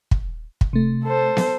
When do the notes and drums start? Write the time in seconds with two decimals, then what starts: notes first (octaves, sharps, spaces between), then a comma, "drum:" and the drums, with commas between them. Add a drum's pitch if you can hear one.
0.11 drum: kick
0.61 drum: kick
0.73 C3 A3
1.03 A4 C5
1.37 drum: snare